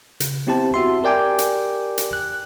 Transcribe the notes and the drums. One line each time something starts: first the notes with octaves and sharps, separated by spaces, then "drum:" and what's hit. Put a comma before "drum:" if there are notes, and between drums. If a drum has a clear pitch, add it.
C#3, drum: hi-hat
B3 C4 E4 G4 C5 A5
F#4 E5 C6
G4 A#4 D5 G5 G#5 D6
drum: hi-hat
drum: hi-hat
F#6